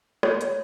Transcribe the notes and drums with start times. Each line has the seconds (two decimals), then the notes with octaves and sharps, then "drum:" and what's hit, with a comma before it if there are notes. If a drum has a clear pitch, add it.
0.23 C#5, drum: rim click
0.41 drum: hi-hat